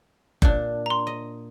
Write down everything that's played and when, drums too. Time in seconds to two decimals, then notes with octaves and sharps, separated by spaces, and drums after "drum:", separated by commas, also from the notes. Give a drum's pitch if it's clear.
0.42 A#2 D4, drum: kick F#1
0.86 A#5 C6
1.07 D#5